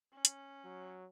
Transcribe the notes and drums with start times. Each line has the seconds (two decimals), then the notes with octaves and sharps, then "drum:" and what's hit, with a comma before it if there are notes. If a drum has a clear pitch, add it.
0.13 C#4
0.25 drum: hi-hat
0.65 F#3